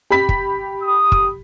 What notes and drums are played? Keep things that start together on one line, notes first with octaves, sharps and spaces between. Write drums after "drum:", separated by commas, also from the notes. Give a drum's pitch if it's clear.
G4 B5 B6
drum: kick
D#6
drum: kick